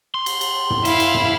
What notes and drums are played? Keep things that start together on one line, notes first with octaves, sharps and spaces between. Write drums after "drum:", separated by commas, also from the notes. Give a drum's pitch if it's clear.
C6
drum: cymbal
drum: cymbal
drum: tom
E4 F5, drum: cymbal
drum: cymbal
drum: tom